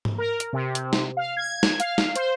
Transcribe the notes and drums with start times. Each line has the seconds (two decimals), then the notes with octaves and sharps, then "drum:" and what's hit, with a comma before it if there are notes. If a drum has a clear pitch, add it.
0.05 drum: tom G#2
0.18 A#4
0.40 drum: hi-hat
0.53 C3
0.75 drum: hi-hat
0.93 drum: snare
1.17 F5
1.37 G#6
1.63 drum: snare
1.80 F5, drum: hi-hat
1.98 drum: snare
2.16 C5, drum: hi-hat